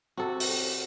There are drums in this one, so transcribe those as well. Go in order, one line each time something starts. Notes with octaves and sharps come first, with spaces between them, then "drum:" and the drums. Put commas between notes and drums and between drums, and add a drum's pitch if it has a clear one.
C3 F#4 A4
drum: open hi-hat